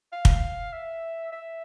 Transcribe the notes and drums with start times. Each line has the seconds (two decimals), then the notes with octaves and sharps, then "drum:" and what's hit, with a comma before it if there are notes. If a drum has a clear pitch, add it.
0.13 F5
0.25 drum: kick
0.73 E5
1.32 E5